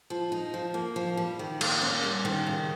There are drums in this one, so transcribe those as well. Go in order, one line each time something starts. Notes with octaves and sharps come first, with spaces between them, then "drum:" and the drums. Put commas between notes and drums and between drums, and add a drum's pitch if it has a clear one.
F3
D#4
F3
A#3
F3
G3
D#3
A#3, drum: cymbal
C#4
G3
D#3
C#3